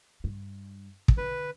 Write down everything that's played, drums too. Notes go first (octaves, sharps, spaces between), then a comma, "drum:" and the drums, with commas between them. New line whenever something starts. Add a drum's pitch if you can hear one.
G2
drum: kick
D3 B4